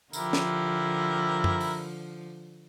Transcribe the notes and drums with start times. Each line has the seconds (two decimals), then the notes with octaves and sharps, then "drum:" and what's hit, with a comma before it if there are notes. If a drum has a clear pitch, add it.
0.13 D3 F3 E4 G4 A#4, drum: tambourine
0.33 drum: snare
1.44 drum: tom F#2
1.61 drum: open hi-hat